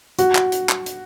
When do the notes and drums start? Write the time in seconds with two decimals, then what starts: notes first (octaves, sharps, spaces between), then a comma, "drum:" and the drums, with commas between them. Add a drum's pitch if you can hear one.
0.19 F#4, drum: hi-hat
0.35 drum: clap
0.52 drum: hi-hat
0.69 drum: clap
0.86 drum: hi-hat